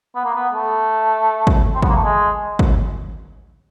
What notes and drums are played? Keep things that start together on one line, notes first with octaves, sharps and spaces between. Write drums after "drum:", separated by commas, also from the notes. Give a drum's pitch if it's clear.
B3
A#3
B3
A3
drum: kick
C4
B3, drum: kick
A#3
A3
G#3
drum: kick